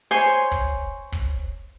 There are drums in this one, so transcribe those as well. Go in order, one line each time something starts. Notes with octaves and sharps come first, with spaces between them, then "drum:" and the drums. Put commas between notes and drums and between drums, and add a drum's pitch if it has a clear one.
C5 C#5 G#5 C6
drum: kick
drum: kick